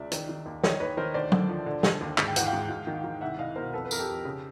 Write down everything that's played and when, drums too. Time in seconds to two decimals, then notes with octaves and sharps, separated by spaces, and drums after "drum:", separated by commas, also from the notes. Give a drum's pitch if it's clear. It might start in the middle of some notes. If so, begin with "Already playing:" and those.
Already playing: C#2 D5 E5
0.12 D#3, drum: hi-hat
0.29 D#3
0.46 D#2
0.64 D#3 C#5 D#5, drum: snare
0.80 D#2 B4 C#5
0.97 D#3 A#4 C5
1.14 D2 C5 D5
1.32 D3, drum: tom
1.49 F3
1.66 D3
1.83 D3, drum: snare
2.01 D#2
2.18 G#2, drum: clap
2.28 G5
2.36 E3 F#5, drum: hi-hat
2.45 F5 G5
2.53 G#2
2.69 G#2
2.87 D#3
3.04 D#3
3.21 C2 E5 F#5
3.39 C2 D#5 F5
3.56 B2 A#4 C5
3.73 F2 A4 B4
3.85 B4
3.91 F2 A#4, drum: tambourine
3.99 G4 A4
4.08 F2
4.25 C#3